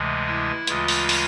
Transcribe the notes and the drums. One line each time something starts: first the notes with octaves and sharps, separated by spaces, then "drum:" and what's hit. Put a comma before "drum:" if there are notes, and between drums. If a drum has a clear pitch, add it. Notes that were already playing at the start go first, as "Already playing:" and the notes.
Already playing: D2 C3 E3 G#3
E4
D2 C#3 E3 G#3 F4, drum: hi-hat
drum: open hi-hat
drum: open hi-hat